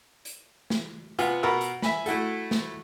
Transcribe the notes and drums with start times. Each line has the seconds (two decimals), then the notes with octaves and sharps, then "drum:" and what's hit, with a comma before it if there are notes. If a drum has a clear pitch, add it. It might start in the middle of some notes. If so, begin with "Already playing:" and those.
0.25 drum: hi-hat
0.70 drum: snare
1.19 C3 B3 F4 F#5 G#5, drum: hi-hat
1.43 B2 A#4 F#5 B5 E6
1.61 drum: hi-hat
1.82 E5 G#5 B5, drum: snare
2.06 A3 E4 F#4 A4, drum: hi-hat
2.51 drum: snare